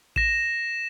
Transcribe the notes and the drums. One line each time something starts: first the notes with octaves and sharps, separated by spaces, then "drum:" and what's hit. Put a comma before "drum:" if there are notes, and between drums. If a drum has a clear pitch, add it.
A#6 E7, drum: kick G#1